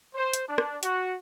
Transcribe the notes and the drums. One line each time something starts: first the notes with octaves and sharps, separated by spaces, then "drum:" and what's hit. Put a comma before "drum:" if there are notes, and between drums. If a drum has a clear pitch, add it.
C5
drum: hi-hat
D4
drum: rim click
F#4, drum: hi-hat